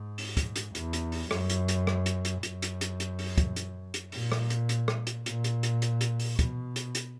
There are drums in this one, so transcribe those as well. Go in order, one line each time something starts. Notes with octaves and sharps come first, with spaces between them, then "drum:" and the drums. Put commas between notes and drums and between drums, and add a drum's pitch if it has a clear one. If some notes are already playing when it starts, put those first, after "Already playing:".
Already playing: G#2
drum: open hi-hat
drum: kick, hi-hat
drum: hi-hat
E2, drum: hi-hat
drum: hi-hat
drum: open hi-hat
F#2, drum: rim click
drum: hi-hat
drum: hi-hat
drum: rim click
drum: hi-hat
drum: hi-hat
F#2, drum: hi-hat
drum: hi-hat
drum: hi-hat
drum: hi-hat
drum: open hi-hat
drum: kick, hi-hat
drum: hi-hat
drum: hi-hat
A#2, drum: open hi-hat
drum: rim click
drum: hi-hat
drum: hi-hat
drum: rim click
drum: hi-hat
A#2, drum: hi-hat
drum: hi-hat
drum: hi-hat
drum: hi-hat
drum: hi-hat
drum: open hi-hat
B2, drum: kick, hi-hat
drum: hi-hat
drum: hi-hat